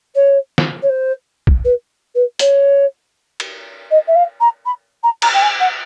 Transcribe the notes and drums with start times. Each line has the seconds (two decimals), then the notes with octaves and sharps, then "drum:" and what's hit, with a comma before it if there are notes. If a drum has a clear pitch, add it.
0.14 C#5
0.58 drum: snare
0.82 C#5
0.89 C5
1.47 drum: kick
1.64 B4
2.15 B4
2.39 C#5, drum: hi-hat
3.40 drum: cymbal
3.90 D#5
4.07 E5
4.15 F5
4.40 A#5
4.65 B5
5.03 A#5
5.22 A#5, drum: cymbal
5.33 G5
5.41 G#5
5.60 F#5